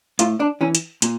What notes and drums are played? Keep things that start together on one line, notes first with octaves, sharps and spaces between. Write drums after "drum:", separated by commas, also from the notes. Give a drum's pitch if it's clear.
A2 F4, drum: hi-hat
D4
E3 C#4
drum: hi-hat
A#2, drum: hi-hat